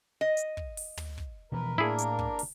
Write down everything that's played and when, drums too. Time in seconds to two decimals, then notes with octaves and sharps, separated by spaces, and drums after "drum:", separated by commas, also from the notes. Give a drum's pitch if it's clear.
0.21 D#5
0.37 drum: hi-hat
0.57 drum: kick
0.77 drum: open hi-hat
0.97 drum: tom
1.18 drum: kick
1.52 B2 E3 F3 A#4 B4
1.78 A2 A#3 D4 E4 G#4 A#4
1.98 drum: hi-hat
2.19 drum: kick
2.39 drum: open hi-hat